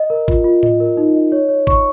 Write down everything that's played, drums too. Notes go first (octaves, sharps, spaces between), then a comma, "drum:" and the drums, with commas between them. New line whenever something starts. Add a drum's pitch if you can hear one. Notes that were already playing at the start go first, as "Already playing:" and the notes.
Already playing: D#5
A#4
F4, drum: kick
F4
D#5, drum: tom A2
A#4
D#4
D#5
C#5
C#5
C#6, drum: kick